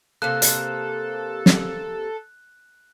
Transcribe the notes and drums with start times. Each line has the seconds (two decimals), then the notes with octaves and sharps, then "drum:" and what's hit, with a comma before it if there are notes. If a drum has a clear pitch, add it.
0.22 C3 A#3 A4 F#6
0.42 drum: hi-hat
1.46 drum: snare